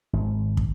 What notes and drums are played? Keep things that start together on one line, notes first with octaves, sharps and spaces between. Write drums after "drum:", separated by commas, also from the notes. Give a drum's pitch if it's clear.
G#1
drum: kick